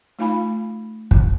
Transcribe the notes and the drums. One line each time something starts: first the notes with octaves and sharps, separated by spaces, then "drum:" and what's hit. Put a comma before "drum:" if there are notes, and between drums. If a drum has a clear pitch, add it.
A3 D#4 F4 F5 G#5 B5
drum: kick